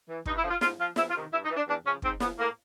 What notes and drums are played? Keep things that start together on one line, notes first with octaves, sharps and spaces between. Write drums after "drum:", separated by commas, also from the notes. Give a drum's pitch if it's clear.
E3
G2 D#4, drum: kick
E4
D3 F3
F4
G#2 F4, drum: snare
F3 F4
E2 E4, drum: snare
F4
C3 D#3
G2 E4
D#4
E3
D4
E2 D4
C#3 F3 C#4
G#2 C4, drum: kick
F3 B3, drum: snare
A2 A#3